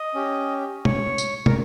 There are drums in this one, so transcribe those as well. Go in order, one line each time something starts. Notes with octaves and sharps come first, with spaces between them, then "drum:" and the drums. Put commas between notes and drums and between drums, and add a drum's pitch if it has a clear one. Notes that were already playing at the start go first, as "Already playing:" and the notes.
Already playing: D#5
C#4 G4
C#5, drum: tom
drum: tambourine
A#4, drum: tom